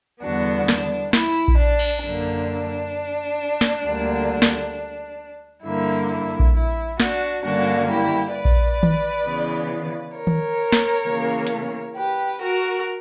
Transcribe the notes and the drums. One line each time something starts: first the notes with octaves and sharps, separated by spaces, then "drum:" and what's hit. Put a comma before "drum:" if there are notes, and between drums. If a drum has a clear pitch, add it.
E2 D3 G3 B3 D4 F#4
D4, drum: snare
E4, drum: snare
drum: kick A#1
D4
drum: cymbal
F#2 D3 A#3 D4
drum: snare
D2 D3 G3 A#3
drum: snare
G2 D3 A#3 E4
E4
drum: kick A#1
E4
D4 F#4, drum: snare
G2 D3 G3 A#3 C#4 D4 F#4
E4 G4
B4 D5
drum: kick A#1
drum: tom D#3
C#3 E3 B3
A#4 C#5
drum: tom D#3
drum: snare
C#3 E3 A#3 C#4
drum: hi-hat
G4 B4
F#4 A#4